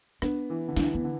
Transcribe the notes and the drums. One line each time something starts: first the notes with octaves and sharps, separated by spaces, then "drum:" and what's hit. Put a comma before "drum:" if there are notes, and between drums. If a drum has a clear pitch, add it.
B3 D4, drum: rim click
E3
D3
E3 D4, drum: snare
B3
D3